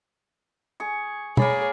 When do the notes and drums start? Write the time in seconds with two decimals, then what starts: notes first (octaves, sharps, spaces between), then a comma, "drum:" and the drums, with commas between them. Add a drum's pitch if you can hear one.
0.80 G#4 C#6
1.37 A#3 G#4 C#5 D5 B5, drum: tom